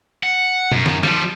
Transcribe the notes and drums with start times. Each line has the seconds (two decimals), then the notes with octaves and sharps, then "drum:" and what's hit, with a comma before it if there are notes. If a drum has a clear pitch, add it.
0.23 F#5
0.72 F#2, drum: tom B2
0.86 drum: snare
1.03 F3 G3, drum: snare